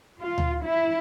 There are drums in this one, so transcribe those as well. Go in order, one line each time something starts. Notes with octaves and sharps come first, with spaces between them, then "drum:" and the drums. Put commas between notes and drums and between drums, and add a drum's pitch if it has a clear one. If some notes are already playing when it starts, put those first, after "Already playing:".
F4
drum: tom D2
E4